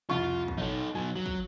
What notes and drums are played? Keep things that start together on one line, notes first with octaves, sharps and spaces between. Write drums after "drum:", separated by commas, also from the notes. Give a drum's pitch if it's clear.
C2 F2 F4 C#6
drum: kick
B1 D#4 A4
B2 F#3 G#5
F#3 F#7
drum: kick